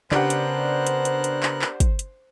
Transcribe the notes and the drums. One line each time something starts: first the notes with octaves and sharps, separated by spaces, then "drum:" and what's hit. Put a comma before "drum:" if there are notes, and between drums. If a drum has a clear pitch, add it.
C#3 B3 D4 G4 A#4 C5 F#5 F#6, drum: clap
drum: hi-hat
drum: hi-hat
drum: hi-hat
drum: hi-hat
drum: clap
drum: clap
drum: kick, hi-hat
drum: hi-hat